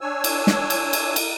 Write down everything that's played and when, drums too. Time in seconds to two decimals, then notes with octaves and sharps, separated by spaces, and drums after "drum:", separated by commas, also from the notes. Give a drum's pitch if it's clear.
0.01 D4 C#5 G#5 E6
0.24 drum: cymbal
0.47 drum: snare
0.70 drum: cymbal
0.93 drum: cymbal
1.16 drum: cymbal